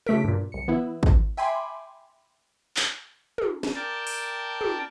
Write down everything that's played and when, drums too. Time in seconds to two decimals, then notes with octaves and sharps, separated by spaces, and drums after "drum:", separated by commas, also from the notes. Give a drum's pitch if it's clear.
0.07 C#3 A3 B6 D7, drum: tom
0.24 G2 A#2
0.52 C2 C#7
0.68 E3 B3 E4
1.03 drum: kick
1.37 E5 G5 G#5 B5 C6 D6
2.76 drum: clap
3.38 drum: tom
3.63 drum: snare
3.75 A#4 D5 G5 A5
4.07 drum: open hi-hat
4.61 drum: tom